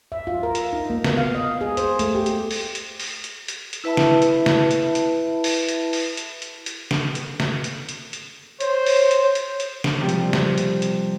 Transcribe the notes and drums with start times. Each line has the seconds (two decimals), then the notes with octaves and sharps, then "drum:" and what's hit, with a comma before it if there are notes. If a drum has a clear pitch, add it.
0.12 E5
0.27 F4
0.43 A#4
0.55 drum: hi-hat
0.73 D#4
0.90 A#3
1.04 B3, drum: snare
1.17 F5
1.35 D#5
1.61 G#4
1.77 C5, drum: hi-hat
1.99 A3, drum: hi-hat
2.15 G4
2.26 drum: hi-hat
2.51 drum: open hi-hat
2.75 drum: hi-hat
3.00 drum: open hi-hat
3.24 drum: hi-hat
3.48 drum: hi-hat
3.73 drum: hi-hat
3.84 E4 B4 E5 A5 B5
3.97 drum: snare
4.22 drum: hi-hat
4.46 drum: snare
4.71 drum: hi-hat
4.95 drum: hi-hat
5.44 drum: open hi-hat
5.69 drum: hi-hat
5.93 drum: open hi-hat
6.17 drum: hi-hat
6.42 drum: hi-hat
6.66 drum: hi-hat
6.91 drum: snare
7.15 drum: hi-hat
7.40 drum: snare
7.64 drum: hi-hat
7.89 drum: hi-hat
8.13 drum: hi-hat
8.60 C5 C#5, drum: hi-hat
8.86 drum: open hi-hat
9.11 drum: hi-hat
9.35 drum: hi-hat
9.60 drum: hi-hat
9.84 drum: snare
9.99 C3 F3 G3
10.09 drum: hi-hat
10.33 drum: snare
10.58 drum: hi-hat
10.82 drum: hi-hat